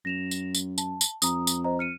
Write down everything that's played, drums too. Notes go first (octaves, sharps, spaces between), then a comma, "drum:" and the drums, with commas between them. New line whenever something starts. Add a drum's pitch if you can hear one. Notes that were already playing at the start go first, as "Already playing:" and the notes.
F#2 A#6 E7 F7
drum: tambourine
drum: tambourine
A5, drum: tambourine
drum: tambourine
F2 A#5 D#6, drum: tambourine
drum: tambourine
C5 D#5 A#5
F6 C#7 D#7